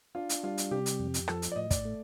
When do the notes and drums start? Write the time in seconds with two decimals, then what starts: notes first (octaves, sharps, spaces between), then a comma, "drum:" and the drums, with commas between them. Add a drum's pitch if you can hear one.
0.15 D4 F4
0.29 drum: hi-hat
0.43 G3 F4
0.58 drum: hi-hat
0.71 C3 G4
0.86 drum: hi-hat
0.99 F2
1.14 drum: hi-hat
1.28 F3 A4, drum: rim click
1.42 drum: hi-hat
1.52 D5
1.56 A2 D#5
1.71 D5, drum: kick, hi-hat
1.85 A3